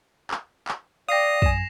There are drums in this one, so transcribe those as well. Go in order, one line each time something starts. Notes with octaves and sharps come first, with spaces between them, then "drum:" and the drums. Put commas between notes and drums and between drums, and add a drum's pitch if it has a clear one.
drum: clap
drum: clap
D5 F5 G5 D#6 A#6 C7 F7
F#2 G#5 E7, drum: kick